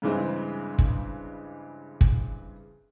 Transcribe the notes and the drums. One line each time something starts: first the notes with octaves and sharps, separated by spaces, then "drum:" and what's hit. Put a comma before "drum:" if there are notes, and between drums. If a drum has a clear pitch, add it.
G2 C#3 E3 G#3 C4
drum: kick
drum: kick